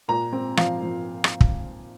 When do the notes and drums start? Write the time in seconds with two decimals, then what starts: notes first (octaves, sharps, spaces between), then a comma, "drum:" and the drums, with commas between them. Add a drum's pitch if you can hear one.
0.08 A#2 A#5
0.33 C4
0.57 F3 F5, drum: rim click
0.83 F3
1.24 drum: rim click
1.41 drum: kick